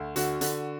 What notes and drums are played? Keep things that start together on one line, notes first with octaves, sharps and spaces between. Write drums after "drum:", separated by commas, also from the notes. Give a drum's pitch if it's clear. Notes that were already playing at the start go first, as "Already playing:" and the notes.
Already playing: D2
D3 F#4, drum: hi-hat
D3, drum: hi-hat